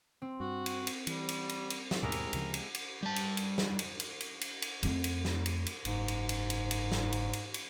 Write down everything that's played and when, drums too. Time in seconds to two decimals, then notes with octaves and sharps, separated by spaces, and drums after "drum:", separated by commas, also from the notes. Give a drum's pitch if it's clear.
0.22 C4
0.40 G2 F#4
0.66 drum: cymbal
0.87 drum: cymbal
1.07 E3 G3, drum: cymbal
1.29 drum: cymbal
1.49 drum: cymbal
1.70 drum: cymbal
1.91 drum: snare
2.03 D#2 G#2 B2 G#3 E4 G4 A#4
2.12 drum: cymbal
2.33 D2 C#3 F3, drum: cymbal
2.54 drum: cymbal
2.75 drum: cymbal
3.03 G3 A5
3.16 drum: cymbal
3.37 drum: cymbal
3.58 drum: snare
3.79 drum: cymbal
4.00 drum: cymbal
4.21 drum: cymbal
4.41 drum: cymbal
4.62 drum: cymbal
4.83 F2 A3, drum: cymbal
5.04 drum: cymbal
5.25 drum: snare
5.46 drum: cymbal
5.66 drum: cymbal
5.85 F#1 G#2, drum: cymbal
6.08 drum: cymbal
6.29 drum: cymbal
6.50 drum: cymbal
6.71 drum: cymbal
6.92 drum: snare
7.12 drum: cymbal
7.33 drum: cymbal
7.54 drum: cymbal